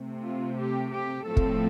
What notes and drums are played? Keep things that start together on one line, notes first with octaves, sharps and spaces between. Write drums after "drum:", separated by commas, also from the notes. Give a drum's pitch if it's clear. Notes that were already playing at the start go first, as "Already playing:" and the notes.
Already playing: C3 A3 C4
F4
G4
G4
A2 F3 A3 C4 A4
drum: kick